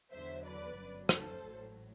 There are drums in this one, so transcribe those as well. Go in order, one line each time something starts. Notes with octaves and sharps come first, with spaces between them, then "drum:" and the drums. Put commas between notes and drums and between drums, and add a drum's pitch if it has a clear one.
E2 D3 F#3 C5 E5
B4 D5
G1 F#2 F#3
A4 C5, drum: rim click
A1 A2 F#3